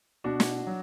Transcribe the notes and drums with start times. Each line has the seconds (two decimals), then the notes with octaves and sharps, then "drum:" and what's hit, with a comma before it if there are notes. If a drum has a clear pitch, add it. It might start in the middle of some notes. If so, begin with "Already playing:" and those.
0.24 B2 D4 F#4
0.40 drum: snare
0.67 F#3